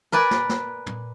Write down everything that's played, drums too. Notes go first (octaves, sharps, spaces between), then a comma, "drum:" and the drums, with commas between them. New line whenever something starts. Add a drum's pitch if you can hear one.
A#4 B4 D5 G#5
drum: snare
drum: snare
drum: tom